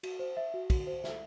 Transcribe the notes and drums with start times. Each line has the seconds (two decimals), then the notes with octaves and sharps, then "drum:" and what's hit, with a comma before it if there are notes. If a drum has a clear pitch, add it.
0.03 F#4, drum: cymbal
0.19 C5
0.37 E5
0.54 F#4
0.70 F#4, drum: kick, cymbal
0.87 C5
1.04 E5, drum: snare